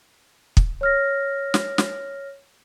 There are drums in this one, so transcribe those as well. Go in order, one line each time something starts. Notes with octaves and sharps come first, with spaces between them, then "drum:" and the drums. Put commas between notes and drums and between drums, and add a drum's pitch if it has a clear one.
drum: kick
C#5 F6 A#6
drum: snare
drum: snare